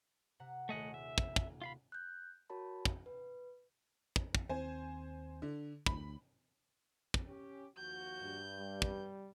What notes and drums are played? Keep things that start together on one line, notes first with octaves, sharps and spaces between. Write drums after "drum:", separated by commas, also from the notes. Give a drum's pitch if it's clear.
C3 F#5 A#5
D#1 A3 D#5 F#5 G#5
E5
drum: kick
drum: kick
F4 F5 B5
F#6 G6
F#4 A#4 C#5 A5 B5
drum: kick
B4
drum: kick
drum: kick
D#2 C4 C5 G#5
D3
D2 B5, drum: kick
drum: kick
C#4 G4
D#2 F3 F#4 G6
G2
G3
drum: kick